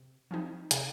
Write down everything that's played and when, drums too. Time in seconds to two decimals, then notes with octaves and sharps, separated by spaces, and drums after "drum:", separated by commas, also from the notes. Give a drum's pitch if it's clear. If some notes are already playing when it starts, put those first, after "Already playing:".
Already playing: C3
0.31 F3 C4 D#4
0.71 C3, drum: hi-hat